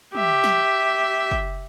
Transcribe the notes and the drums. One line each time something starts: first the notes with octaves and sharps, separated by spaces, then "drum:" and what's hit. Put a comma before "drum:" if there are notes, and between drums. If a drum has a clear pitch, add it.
G4 E5, drum: tom
drum: snare
drum: kick